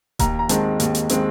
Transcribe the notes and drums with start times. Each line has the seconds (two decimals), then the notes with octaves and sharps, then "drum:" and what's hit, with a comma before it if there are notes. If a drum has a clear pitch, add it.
0.19 D#2 A#5, drum: kick D#1, hi-hat
0.39 A#5
0.49 D#3 G#3 C4 A5, drum: hi-hat
0.80 D#2, drum: hi-hat
0.95 drum: hi-hat
1.09 D#3 G#3 C4, drum: hi-hat